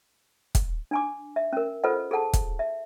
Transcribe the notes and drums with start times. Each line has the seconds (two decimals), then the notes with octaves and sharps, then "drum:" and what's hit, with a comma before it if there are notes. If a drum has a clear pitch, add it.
0.55 drum: kick, hi-hat
0.91 D4 G#5 D6
1.36 E5
1.53 C#4 A#4
1.84 F4 A4 B4 C5 D#5 F#5
2.11 G#4 A4 F#5 A5
2.33 drum: kick, hi-hat
2.59 E5